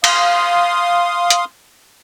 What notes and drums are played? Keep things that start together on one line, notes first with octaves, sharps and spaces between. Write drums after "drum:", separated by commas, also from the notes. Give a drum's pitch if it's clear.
F5 C6 D#6, drum: cymbal
drum: hi-hat